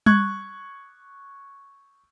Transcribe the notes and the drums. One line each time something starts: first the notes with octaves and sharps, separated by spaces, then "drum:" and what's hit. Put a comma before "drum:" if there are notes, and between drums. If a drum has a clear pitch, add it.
C#6 F#6 G#6, drum: tom G3